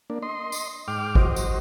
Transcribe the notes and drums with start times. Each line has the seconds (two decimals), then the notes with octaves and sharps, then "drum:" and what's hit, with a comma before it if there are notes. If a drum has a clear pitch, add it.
0.10 A#3 D4
0.22 D#5 C6
0.52 drum: tambourine
0.88 G#2 G5 D6 F6
1.15 F#4 C5 D#5, drum: kick G#1
1.36 drum: tambourine